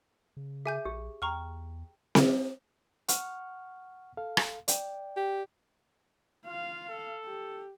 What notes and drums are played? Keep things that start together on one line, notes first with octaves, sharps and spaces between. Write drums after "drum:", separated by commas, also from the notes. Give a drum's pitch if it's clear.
C#3
G#4 E5 G#5 G6
A#1 G4
E2 G5 A#5 C#6 F6
drum: snare C4
F#5 C#6 F6, drum: hi-hat
A4 F5
drum: rim click
D5 G5, drum: hi-hat
G4
F4 F5
A4
G4